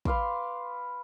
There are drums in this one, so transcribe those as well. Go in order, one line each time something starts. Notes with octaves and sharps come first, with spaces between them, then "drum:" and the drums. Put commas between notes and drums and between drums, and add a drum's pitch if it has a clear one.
B4 F5 C6 D6, drum: kick